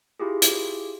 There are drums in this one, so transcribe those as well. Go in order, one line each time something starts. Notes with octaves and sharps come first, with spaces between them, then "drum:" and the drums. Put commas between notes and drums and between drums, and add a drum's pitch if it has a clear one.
E4 F4 G4 G#4
drum: hi-hat